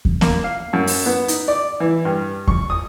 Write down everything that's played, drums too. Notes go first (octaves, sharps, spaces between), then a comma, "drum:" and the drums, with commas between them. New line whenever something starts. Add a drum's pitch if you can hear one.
drum: kick E2
A#3, drum: snare B3
F5
F#2
drum: open hi-hat
B3
D#4, drum: hi-hat
D5
E3
G2
C#6, drum: kick E2
D#6